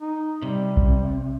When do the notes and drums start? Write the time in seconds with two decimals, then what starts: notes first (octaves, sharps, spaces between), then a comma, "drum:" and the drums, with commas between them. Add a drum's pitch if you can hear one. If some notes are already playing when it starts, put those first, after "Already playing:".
0.01 D#4
0.42 C3 G3
0.77 drum: kick